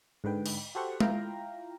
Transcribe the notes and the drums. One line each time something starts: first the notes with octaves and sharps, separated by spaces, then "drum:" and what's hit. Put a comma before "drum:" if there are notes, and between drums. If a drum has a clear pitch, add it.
G#2 D3 B4 G5
drum: cymbal
F#4 G4 A4 C5 F#5 C#6
E4 F4 F5 G5 A#5, drum: tom